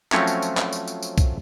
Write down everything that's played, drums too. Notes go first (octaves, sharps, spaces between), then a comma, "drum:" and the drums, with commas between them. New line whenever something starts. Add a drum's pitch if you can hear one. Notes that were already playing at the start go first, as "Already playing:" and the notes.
F3 F#3 A3 C4 C#4 C#5, drum: clap
drum: tambourine
drum: tambourine
drum: clap
drum: tambourine
drum: tambourine
drum: tambourine
drum: kick B1, tambourine